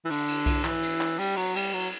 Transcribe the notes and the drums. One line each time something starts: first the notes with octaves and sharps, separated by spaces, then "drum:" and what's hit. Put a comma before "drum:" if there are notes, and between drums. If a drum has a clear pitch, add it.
E3
D3, drum: cymbal
drum: cymbal
drum: kick B1, cymbal
E3, drum: clap
drum: cymbal
drum: clap
G3, drum: cymbal
F#3, drum: cymbal
G3, drum: cymbal
F#3, drum: cymbal